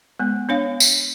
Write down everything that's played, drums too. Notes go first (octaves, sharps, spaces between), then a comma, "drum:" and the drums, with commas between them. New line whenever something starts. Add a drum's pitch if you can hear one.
G#3 B3
B3 D4 C#5 F5
drum: tambourine